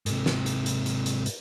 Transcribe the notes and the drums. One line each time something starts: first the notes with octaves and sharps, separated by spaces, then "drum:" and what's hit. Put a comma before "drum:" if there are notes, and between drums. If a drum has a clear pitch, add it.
G#2 C3, drum: hi-hat
drum: snare
drum: hi-hat
drum: hi-hat
drum: hi-hat
drum: hi-hat
drum: hi-hat